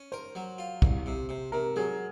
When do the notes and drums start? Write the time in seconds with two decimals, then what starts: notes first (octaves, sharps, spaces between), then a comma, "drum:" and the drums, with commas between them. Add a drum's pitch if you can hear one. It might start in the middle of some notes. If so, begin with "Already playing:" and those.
Already playing: C#4
0.12 A#4 C5
0.35 F#3
0.58 F4
0.82 C2, drum: kick
1.06 C3
1.29 C3
1.52 C3 A#4
1.76 F#3 G#4